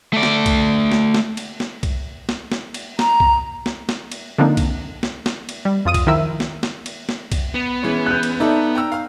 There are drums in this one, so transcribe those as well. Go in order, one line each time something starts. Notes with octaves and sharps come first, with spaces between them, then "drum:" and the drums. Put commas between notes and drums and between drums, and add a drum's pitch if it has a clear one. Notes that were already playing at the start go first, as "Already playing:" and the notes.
A3 D5
drum: snare
drum: kick B1, cymbal
drum: snare
drum: snare
drum: cymbal
drum: snare
drum: kick B1, cymbal
drum: snare
drum: snare
drum: cymbal
A#5, drum: snare
drum: kick B1
drum: snare
drum: snare
drum: cymbal
D3 F3 A#3 C4 D4 D#4
drum: kick B1, cymbal
drum: snare
drum: snare
drum: cymbal
G3
F2 F4 D#6 D#7
drum: kick B1, cymbal
D#3 F3 E4 A#4 E5 E6
drum: snare
drum: snare
drum: cymbal
drum: snare
drum: kick B1, cymbal
B3
E3 G#3 C#4
F#6 G6
drum: cymbal
D#4 A4 D5 E5
G5 A#5 E6
F5 F6